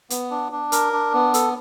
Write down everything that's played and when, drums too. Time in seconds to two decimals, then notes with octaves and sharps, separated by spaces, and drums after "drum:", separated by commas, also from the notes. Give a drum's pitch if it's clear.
0.10 B3, drum: hi-hat
0.31 D4
0.52 D4
0.72 A#4, drum: hi-hat
0.93 D4
1.13 B3
1.34 A4, drum: hi-hat